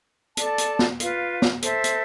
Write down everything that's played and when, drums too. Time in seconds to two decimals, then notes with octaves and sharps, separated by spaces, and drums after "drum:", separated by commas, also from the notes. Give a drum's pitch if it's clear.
0.37 A4 D5 A5, drum: hi-hat
0.58 drum: hi-hat
0.79 drum: snare
1.00 F4 B4 F5, drum: hi-hat
1.42 drum: snare
1.62 A4 C5 E5, drum: hi-hat
1.84 drum: hi-hat